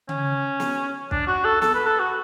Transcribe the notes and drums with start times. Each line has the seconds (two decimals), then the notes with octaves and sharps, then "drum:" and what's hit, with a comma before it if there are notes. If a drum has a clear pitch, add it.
0.09 C#4, drum: tom C#3
0.60 drum: snare
1.11 D4, drum: kick
1.27 F#4
1.45 A4
1.62 A4, drum: snare
1.74 B4
1.86 A4
1.99 F#4